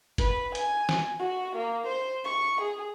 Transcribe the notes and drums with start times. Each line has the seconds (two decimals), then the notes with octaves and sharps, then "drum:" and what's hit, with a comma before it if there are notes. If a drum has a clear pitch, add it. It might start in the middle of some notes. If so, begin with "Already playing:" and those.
0.18 B4, drum: kick F#1, hi-hat
0.55 G#5, drum: hi-hat
0.89 drum: snare
1.20 F#4
1.56 A#3
1.87 C5
2.24 C#6
2.61 G#4